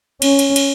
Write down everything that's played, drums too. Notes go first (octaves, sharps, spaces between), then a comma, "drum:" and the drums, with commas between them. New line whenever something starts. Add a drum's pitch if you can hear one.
C#4, drum: cymbal
drum: cymbal
drum: cymbal